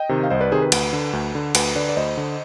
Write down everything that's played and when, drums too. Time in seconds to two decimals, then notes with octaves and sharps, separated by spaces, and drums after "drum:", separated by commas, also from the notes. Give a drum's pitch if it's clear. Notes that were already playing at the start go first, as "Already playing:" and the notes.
Already playing: D#5 G5
0.09 C3 D#3
0.23 F5
0.30 C2 C5 D#5
0.40 B4 D5
0.52 C3 D#3 G#4 C5
0.62 B4
0.72 D2, drum: cymbal
0.93 D3
1.13 D2
1.35 D3
1.55 D2 B4, drum: cymbal
1.75 D3 B4 D5
1.89 D5
1.97 D2 C5 D#5
2.17 D3